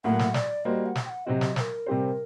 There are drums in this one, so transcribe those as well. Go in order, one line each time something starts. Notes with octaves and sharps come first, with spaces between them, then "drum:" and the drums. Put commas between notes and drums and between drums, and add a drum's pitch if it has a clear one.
A2 F#3 A#3 F#4 A#4 F#5
drum: snare
D5, drum: snare
G3 A#3 F#4 C5 D#5
F#5
drum: snare
G5
F#5
C3 F#3 C4 F#4 D#5
drum: snare
C5, drum: snare
A#4
C3 G3 C4 G4 C5